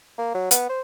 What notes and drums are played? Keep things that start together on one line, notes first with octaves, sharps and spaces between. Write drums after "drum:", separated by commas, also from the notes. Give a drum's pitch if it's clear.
A#3
F#3
B3, drum: hi-hat
C5